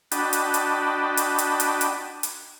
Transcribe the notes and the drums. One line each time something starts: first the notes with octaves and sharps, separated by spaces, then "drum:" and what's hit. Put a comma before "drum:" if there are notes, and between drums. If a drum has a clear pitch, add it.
D4 F#4 D#5 G5 A5 B5, drum: hi-hat
drum: hi-hat
drum: hi-hat
drum: hi-hat
drum: hi-hat
drum: hi-hat
drum: hi-hat
drum: hi-hat